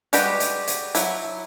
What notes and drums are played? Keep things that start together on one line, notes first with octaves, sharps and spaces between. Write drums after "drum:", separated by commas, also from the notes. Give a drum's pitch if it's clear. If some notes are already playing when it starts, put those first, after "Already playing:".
G3 G#3 F#4 G4 B4, drum: hi-hat
drum: hi-hat
drum: hi-hat
F#3 E4, drum: hi-hat